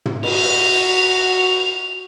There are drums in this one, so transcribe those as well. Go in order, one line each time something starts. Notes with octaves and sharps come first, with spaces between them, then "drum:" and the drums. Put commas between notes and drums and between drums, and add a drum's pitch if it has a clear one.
drum: tom
F#4 F7, drum: cymbal